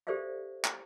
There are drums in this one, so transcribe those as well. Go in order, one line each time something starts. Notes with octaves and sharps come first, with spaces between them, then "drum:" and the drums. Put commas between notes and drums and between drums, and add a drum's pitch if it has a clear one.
G4 A4 C5 D5 E5 F5
drum: clap